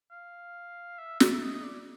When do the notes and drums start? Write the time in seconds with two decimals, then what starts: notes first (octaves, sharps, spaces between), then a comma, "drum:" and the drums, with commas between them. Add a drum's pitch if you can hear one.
0.11 F5
0.98 E5
1.20 E5, drum: snare
1.42 D#5
1.54 D#5
1.63 D5